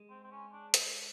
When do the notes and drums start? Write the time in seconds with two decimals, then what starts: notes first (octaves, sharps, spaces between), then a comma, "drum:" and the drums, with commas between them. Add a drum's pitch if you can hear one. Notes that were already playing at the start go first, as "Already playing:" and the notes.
Already playing: G#3
0.10 C4
0.24 C4
0.32 C#4
0.52 D4
0.74 drum: hi-hat